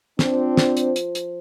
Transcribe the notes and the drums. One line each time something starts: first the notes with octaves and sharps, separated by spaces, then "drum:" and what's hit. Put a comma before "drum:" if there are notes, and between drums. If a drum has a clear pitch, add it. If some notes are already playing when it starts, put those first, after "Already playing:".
F3 C4 D4, drum: snare
drum: snare
drum: hi-hat
drum: hi-hat
drum: hi-hat